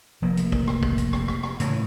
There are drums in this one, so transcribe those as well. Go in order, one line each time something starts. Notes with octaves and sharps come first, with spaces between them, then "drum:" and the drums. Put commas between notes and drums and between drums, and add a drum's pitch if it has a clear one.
F1 F3 A#3
drum: hi-hat
drum: kick
drum: rim click
drum: kick
drum: hi-hat
drum: rim click
drum: rim click
drum: rim click
A2 C#3 E3, drum: hi-hat